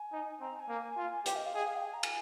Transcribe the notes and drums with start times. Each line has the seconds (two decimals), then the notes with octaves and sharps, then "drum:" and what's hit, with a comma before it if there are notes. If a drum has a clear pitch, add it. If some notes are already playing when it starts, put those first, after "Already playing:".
Already playing: G#5
0.12 D#4
0.40 C4 A#5
0.55 A#5
0.59 G#5
0.69 A#3
0.97 F4
1.26 G4 G5, drum: hi-hat
1.35 D#5
1.45 F5
1.55 G#4 D#5
1.65 F5
1.75 G5
1.84 G#5
1.93 A#5
2.03 G#5, drum: cymbal